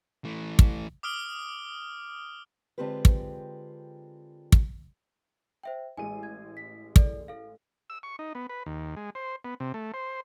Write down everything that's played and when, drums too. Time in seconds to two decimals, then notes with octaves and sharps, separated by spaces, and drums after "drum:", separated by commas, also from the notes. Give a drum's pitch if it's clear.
0.25 E3 A3
0.59 drum: kick
1.03 D6 D#6 F6 D7 G7
2.78 D3 G#3 C4 F4 G4 B4
3.05 drum: kick
4.52 drum: kick
5.63 C5 E5 G5
5.97 A1 G#3 G#5 D#7
6.23 G#6
6.57 B6
6.96 A4 D5, drum: kick
7.28 A4 F5
7.90 E6
8.03 C#6
8.19 D#4
8.35 B3
8.49 B4
8.66 D#2
8.97 G#3
9.15 C5
9.44 B3
9.60 C3
9.74 A3
9.94 C5